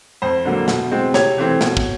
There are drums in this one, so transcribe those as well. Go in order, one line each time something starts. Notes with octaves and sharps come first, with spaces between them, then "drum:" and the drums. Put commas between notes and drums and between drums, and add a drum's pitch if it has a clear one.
F2 C5
D3 F#3 A#3
B2, drum: snare
G#3 C4
C3 C#5, drum: snare
E3 A3 C4
B2, drum: snare
drum: kick